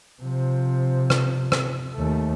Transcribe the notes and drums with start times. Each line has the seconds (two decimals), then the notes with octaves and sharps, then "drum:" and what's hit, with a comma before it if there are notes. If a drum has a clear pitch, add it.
0.22 C3 F3
1.10 drum: rim click
1.52 drum: rim click
1.94 D#2 A3